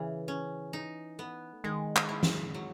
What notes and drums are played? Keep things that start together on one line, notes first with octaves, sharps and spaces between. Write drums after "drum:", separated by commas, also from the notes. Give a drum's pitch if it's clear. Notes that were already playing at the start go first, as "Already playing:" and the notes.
Already playing: C#3 E3
C#4
D#4
B3
A3
D#3 G#3
drum: clap
E4
drum: snare
F#3